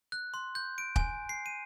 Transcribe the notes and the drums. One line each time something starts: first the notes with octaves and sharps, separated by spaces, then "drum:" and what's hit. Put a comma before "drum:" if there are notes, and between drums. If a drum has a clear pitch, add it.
F#6
C6
G6
D7
G#5, drum: kick
C7
D#7